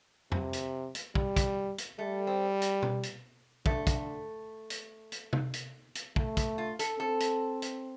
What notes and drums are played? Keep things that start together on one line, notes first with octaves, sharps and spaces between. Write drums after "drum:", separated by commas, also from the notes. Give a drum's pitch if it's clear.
C3, drum: tom F2
drum: hi-hat
drum: hi-hat
G3, drum: kick
drum: kick, hi-hat
drum: hi-hat
G3 A3
C4
drum: hi-hat
drum: tom
drum: hi-hat
D3 A3, drum: kick
drum: kick, hi-hat
drum: hi-hat
drum: hi-hat
drum: tom
drum: hi-hat
drum: hi-hat
A3, drum: kick
drum: kick, hi-hat
F4
A4, drum: hi-hat
C4 A4
drum: hi-hat
drum: hi-hat